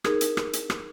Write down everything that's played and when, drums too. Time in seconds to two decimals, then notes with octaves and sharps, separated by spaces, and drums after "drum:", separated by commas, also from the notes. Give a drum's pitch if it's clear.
0.04 D#4 G#4 A#4, drum: rim click
0.21 drum: hi-hat
0.37 drum: rim click
0.53 drum: hi-hat
0.70 drum: rim click